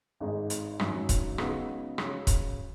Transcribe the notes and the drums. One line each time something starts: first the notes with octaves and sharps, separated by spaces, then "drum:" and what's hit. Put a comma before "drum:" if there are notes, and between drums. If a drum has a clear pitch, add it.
G#1 G#2 G#3 D#4 G#4
drum: hi-hat
G#1 F#2 F#3, drum: rim click
drum: kick, hi-hat
C#3 G#3 B3 D#4 F#4, drum: rim click
C#3 F#3 C#4, drum: rim click
drum: kick, hi-hat